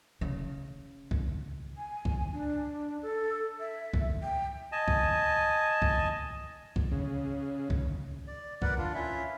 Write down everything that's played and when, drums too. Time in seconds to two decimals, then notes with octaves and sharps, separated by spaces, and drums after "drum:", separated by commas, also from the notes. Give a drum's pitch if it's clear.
0.21 C#3
1.11 drum: kick
1.77 G#5
2.05 drum: kick
2.33 D4
3.02 A4
3.60 E5
3.94 drum: kick
4.23 G5
4.72 D#5 G#5 A5
4.88 drum: kick
5.82 drum: kick
6.76 drum: kick
6.91 C#3
7.70 drum: kick
8.27 D5
8.62 A#4 B4 D5 F#5, drum: kick
8.78 D4 F4
8.94 C#4 E4 F4 E5